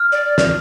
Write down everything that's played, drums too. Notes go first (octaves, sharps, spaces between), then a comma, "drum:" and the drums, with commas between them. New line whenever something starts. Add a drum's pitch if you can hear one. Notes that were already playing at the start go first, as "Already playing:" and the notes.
Already playing: F6
D5
drum: snare